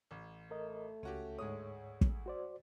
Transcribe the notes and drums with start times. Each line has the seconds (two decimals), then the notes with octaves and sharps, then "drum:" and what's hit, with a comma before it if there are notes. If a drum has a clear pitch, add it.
0.11 A1
0.51 A3 A#4 D#5
1.03 C#2 C#4 F#4 G4
1.39 D2 G#2 G#3 C#5 D#6
2.01 drum: kick
2.26 F#4 C5 D5